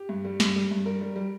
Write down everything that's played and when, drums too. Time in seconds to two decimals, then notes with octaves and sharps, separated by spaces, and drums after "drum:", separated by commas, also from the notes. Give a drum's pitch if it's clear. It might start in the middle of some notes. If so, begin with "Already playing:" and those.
Already playing: G4
0.09 G2
0.25 G3
0.40 G2, drum: snare
0.56 G3
0.71 G2
0.85 G3 A#4
1.01 G3
1.16 G3